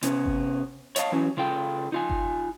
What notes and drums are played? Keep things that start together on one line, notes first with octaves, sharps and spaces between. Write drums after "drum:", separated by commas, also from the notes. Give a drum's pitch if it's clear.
C3 B3 C#4, drum: hi-hat
drum: kick G1
C#5 D#5 F5 A5, drum: hi-hat
E3 F#3 C#4
C#3 F4 A4 G5
D#4 F4 G#5
drum: kick G1